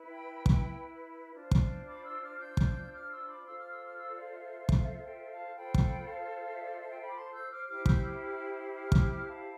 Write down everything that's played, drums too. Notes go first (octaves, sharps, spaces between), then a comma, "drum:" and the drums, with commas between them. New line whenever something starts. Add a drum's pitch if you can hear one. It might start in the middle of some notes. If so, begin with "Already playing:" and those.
Already playing: E4 B4
G5 B5
drum: kick
D4 F4 C5
drum: kick
B5 D6
C6 E6
D6 F6
E6 G6
drum: kick
D6 F6
C6 E6
B5 D6
F4 A4 C5 C6 E6
D6 F6
C6 E6
D6 F6
C6 E6
D5 F5
E5
drum: kick
E5 G5
F5 A5
F4 A4 C5 G5 B5
drum: kick
F5 A5
E5
D5 F5
E5
A5
E5 G5
G5 B5
D6
A5 C6
E6 G6
D6 F6
E4 G4 C5 D6 F6
E6 G6, drum: kick
D6 F6
D6 F6
D6 F6
drum: kick
F5 A5